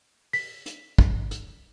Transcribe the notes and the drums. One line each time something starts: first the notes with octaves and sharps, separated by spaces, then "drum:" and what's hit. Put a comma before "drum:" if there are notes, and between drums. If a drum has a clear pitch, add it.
B6, drum: open hi-hat
drum: hi-hat
drum: kick
drum: hi-hat